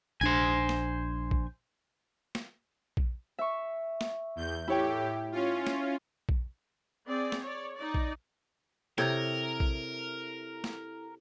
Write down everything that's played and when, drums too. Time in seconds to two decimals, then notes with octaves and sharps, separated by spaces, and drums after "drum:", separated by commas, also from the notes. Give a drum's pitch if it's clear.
0.21 A#1 D4 C5 G#5
0.69 drum: snare
1.31 drum: kick A#1
2.35 drum: snare
2.97 drum: kick A#1
3.39 E5 C#6
4.01 drum: snare
4.36 E2 G6
4.68 A2 E4 G4 C#5 G5
5.32 C#4 F4
5.67 drum: snare
6.29 drum: kick A#1
7.07 C4 G#4 D5
7.32 drum: snare
7.42 C#5 D5
7.76 D#4 D5
7.94 drum: kick A#1
8.98 C3 E4 A4 A#4 C#5 G5, drum: snare
9.60 drum: kick A#1
10.64 drum: snare